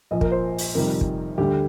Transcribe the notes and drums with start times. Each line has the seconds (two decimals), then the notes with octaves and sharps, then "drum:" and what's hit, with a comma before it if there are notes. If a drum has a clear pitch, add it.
0.11 A#1 A#2 F3 D#5
0.21 A#4, drum: kick
0.32 C5
0.58 drum: open hi-hat
0.75 F2 C3 D#3 G3 A#4
1.01 drum: kick
1.38 D2 D3 G3 G4